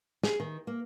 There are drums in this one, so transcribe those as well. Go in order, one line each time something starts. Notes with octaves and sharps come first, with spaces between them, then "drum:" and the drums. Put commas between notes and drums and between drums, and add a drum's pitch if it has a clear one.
G#4, drum: snare
D#3
A#3